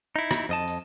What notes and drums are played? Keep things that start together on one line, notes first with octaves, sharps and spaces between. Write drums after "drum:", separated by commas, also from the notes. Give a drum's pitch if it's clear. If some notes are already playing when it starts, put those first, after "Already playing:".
D#4 E4
drum: rim click
F2 D#5 A5
drum: tambourine